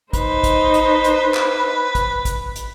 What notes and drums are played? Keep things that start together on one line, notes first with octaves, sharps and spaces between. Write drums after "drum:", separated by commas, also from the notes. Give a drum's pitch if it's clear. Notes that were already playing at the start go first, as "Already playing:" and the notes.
D#4 B4 C5, drum: kick A1, hi-hat
drum: kick A1, hi-hat
drum: hi-hat
drum: hi-hat
drum: clap
drum: kick A1, hi-hat
drum: kick A1, hi-hat
drum: hi-hat